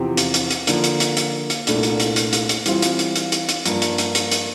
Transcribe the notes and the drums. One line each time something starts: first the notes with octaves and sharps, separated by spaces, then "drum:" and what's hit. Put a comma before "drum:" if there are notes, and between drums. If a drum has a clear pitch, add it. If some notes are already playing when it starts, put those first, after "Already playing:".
Already playing: E2 C3 F3 C4 G4
drum: hi-hat
drum: hi-hat
drum: hi-hat
D3 F3 A#3 D4, drum: hi-hat
drum: hi-hat
drum: hi-hat
drum: hi-hat
drum: hi-hat
C2 A#2 A3 D4, drum: hi-hat
drum: hi-hat
drum: hi-hat
drum: hi-hat
drum: hi-hat
drum: hi-hat
E3 G3 C4 F4, drum: hi-hat
drum: hi-hat
drum: hi-hat
drum: hi-hat
drum: hi-hat
drum: hi-hat
G2 F3 A#3, drum: hi-hat
drum: hi-hat
drum: hi-hat
drum: hi-hat
drum: hi-hat